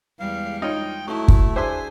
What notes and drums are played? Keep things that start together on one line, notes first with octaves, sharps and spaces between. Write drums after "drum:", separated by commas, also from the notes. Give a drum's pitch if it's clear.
E2 G3 G#3 F5
D#4 F4 C#5 G5
F#3 A3 E4
drum: kick
D4 G#4 C5 E5 G#5 C6